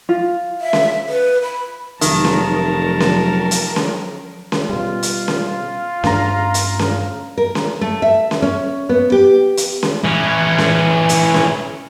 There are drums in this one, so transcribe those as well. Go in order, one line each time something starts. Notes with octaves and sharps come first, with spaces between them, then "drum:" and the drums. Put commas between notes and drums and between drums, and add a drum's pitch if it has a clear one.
F4
E5
drum: snare C#4
B4
B5
F1 D#3 F3 F#3 A#4 A5 A#5, drum: hi-hat
drum: snare C#4
drum: snare C#4
drum: hi-hat
drum: snare C#4
drum: snare C#4
B2 G3 F4
drum: hi-hat
drum: snare C#4
G2 A3 C#4 F5 A#5, drum: snare C#4
drum: hi-hat
drum: snare C#4
A#4
drum: snare C#4
A3
E5
drum: snare C#4
C#4
B3
G4
drum: hi-hat
drum: snare C#4
E3 C#4
drum: snare C#4
drum: hi-hat
drum: snare C#4